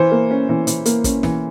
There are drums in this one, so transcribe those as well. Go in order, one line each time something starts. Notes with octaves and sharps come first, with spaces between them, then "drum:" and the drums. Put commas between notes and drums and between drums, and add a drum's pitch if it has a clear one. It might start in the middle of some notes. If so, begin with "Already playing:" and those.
Already playing: E3 C5
A#3
C#4
E3
E3, drum: hi-hat
A#3, drum: hi-hat
C#4, drum: kick, hi-hat
E3, drum: snare